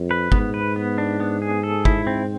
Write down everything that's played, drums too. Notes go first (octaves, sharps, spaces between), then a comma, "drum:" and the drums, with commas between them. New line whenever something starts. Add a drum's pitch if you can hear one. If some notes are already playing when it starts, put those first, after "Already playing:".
Already playing: F2
B4
G#2 B3, drum: kick G1
B4
B3
D4
B3
G#4
A4
E4, drum: kick G1
C4